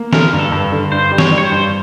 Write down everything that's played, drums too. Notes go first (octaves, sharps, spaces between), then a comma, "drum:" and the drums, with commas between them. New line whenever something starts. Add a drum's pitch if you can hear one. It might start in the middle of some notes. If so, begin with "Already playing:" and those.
Already playing: A#3
D3 A#4, drum: snare
G2
A4
G2
D3
G2 C5
G3
C#5, drum: snare
G3
C#5
C5
G2